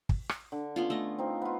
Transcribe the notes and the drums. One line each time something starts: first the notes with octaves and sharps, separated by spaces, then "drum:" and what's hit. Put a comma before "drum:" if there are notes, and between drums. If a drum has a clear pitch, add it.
drum: kick
drum: rim click
D3
B3 C#4 F4
A3 D#5
C4 D#4 F4
B3 F4